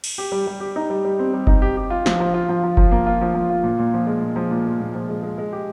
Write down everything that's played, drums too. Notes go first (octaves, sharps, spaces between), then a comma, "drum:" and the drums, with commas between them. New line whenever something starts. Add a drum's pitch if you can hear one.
drum: cymbal
G4
G3
G3
G4
D#4
G3
G3
C4
G3
D#4, drum: kick F#1
G4
G4
F4
F3, drum: snare
F3
F4
F3
F3
F3, drum: kick F#1
A#3
F4
F3
F3
F4
A#2
A#2
F3
G#3
A#2
F3
A#2
G#3
A#2
F3
G#3
G#3
G#3
G4